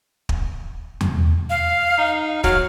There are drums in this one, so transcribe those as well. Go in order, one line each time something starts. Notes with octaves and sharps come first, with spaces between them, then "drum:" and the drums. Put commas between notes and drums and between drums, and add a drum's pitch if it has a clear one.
drum: kick
drum: tom E2
F5
D#4
F#3 F6, drum: kick